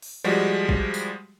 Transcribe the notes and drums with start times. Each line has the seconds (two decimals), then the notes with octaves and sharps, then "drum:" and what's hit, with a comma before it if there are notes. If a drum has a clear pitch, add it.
0.02 drum: open hi-hat
0.24 F3 G3 G#3 F#4
0.69 drum: kick
0.94 drum: tambourine